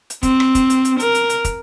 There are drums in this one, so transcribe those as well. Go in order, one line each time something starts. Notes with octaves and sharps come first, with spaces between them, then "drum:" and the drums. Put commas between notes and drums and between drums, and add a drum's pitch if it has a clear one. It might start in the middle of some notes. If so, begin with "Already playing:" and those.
drum: hi-hat
C4, drum: kick, hi-hat
drum: rim click
drum: kick, hi-hat
drum: hi-hat
drum: hi-hat
A#4, drum: hi-hat
drum: hi-hat
drum: hi-hat
drum: kick, hi-hat